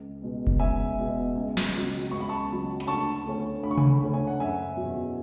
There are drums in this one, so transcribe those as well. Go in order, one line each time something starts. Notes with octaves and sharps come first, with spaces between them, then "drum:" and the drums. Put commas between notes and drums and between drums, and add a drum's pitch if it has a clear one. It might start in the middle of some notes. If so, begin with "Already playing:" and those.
Already playing: C#2
B2 G#3 B3
drum: kick F1
C#2 E5 G#5
B2 G#3 B3
C#2
drum: snare
C#3 F#3
C#2 C#6
B5
A5 C#6
C#3 F#3
B5, drum: hi-hat
D2 A5 C#6
D3 A3 C#4
D2 B5
C#6
G#5 B5, drum: tom C3
D3 A3 C#4
G#5
F#5
F#1 E5 G#5
E2 B2 F#3